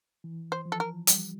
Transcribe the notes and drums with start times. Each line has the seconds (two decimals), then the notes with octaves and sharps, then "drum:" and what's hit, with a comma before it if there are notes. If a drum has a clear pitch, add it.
0.24 E3
0.52 C5
0.66 F3
0.72 A4
0.80 A#4
1.07 G3, drum: hi-hat